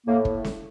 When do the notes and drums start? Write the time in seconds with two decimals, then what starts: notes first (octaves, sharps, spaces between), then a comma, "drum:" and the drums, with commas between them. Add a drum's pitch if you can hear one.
0.05 A2 A#3
0.25 drum: kick
0.44 drum: snare